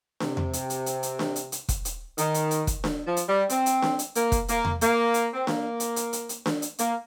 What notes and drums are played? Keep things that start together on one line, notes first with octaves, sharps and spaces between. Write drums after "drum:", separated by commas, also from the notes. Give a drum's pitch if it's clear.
C3, drum: snare D4
drum: tom E2
drum: hi-hat
drum: hi-hat
drum: hi-hat
drum: hi-hat
drum: snare D4
drum: hi-hat
drum: hi-hat
drum: kick, hi-hat
drum: hi-hat
D#3, drum: hi-hat
drum: hi-hat
drum: hi-hat
drum: kick, hi-hat
drum: snare D4
F3
drum: hi-hat
G3
C4, drum: hi-hat
drum: hi-hat
drum: snare D4
drum: hi-hat
A#3, drum: hi-hat
drum: kick, hi-hat
A#3, drum: hi-hat
drum: tom E2
A#3, drum: hi-hat
drum: hi-hat
C4
A#3, drum: snare D4
drum: hi-hat
drum: hi-hat
drum: hi-hat
drum: hi-hat
drum: snare D4
drum: hi-hat
A#3, drum: hi-hat